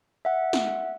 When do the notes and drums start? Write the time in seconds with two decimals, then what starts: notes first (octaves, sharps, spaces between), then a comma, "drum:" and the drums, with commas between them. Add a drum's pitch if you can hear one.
0.25 E5 F#5
0.53 drum: snare